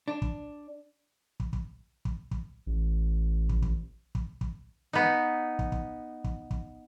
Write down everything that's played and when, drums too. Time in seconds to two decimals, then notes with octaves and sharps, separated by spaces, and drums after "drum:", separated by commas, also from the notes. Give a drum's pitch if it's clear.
0.08 D4
0.22 drum: kick
1.40 drum: kick
1.53 drum: kick
2.05 drum: kick
2.31 drum: kick
2.67 A1
3.49 drum: kick
3.62 drum: kick
4.15 drum: kick
4.41 drum: kick
4.93 B3 D#4
5.59 drum: kick
5.72 drum: kick
6.24 drum: kick
6.51 drum: kick